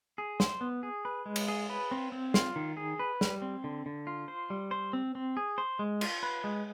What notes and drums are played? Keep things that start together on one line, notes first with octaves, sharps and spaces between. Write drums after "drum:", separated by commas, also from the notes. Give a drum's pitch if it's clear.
G#4
C5, drum: snare
B3
G#4
B4
G#3
drum: cymbal
G#4
B4
C4
C4
F4, drum: snare
D#3
G#4
B4
G3, drum: snare
C4
D3
D3
F4
C5
G3
C5
C4
C4
G#4
C5
G#3
F4, drum: cymbal
B4
G#3